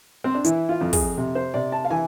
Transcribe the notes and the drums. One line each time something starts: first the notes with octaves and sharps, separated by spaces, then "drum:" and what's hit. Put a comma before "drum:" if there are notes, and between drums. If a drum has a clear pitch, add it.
C4
D4
E3 E4, drum: hi-hat
F4
F2
G#4, drum: kick, open hi-hat
C3
C5
C3 D5
A5
F5
E3 G#5